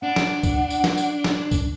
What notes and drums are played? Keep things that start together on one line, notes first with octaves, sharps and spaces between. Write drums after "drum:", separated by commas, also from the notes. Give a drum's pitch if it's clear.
D4 F#5
drum: snare
drum: kick C2, tambourine
drum: tambourine
drum: snare
drum: tambourine
drum: snare
drum: kick C2, tambourine